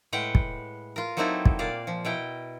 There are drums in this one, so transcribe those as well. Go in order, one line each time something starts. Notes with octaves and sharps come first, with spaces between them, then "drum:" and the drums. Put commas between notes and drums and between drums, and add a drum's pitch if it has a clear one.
A2 G#3 B4 F#5 G5
drum: kick
F4 A#4
F#3 A#3 C4 D#4 E4 A4
drum: kick
A#2 D5 F5
F3
B2 E4 G5 A#5